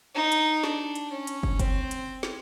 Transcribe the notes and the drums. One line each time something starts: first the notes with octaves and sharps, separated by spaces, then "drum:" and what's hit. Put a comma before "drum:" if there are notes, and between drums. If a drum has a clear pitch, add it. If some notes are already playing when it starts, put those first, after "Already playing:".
D#4
drum: hi-hat
D4, drum: snare
drum: hi-hat
C#4
drum: hi-hat
drum: kick
C4, drum: kick, hi-hat
drum: hi-hat
drum: snare